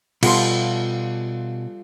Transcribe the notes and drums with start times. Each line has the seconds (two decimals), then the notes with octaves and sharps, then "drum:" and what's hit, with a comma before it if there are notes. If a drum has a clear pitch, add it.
0.23 B2 G3 F4 A4 C6, drum: cymbal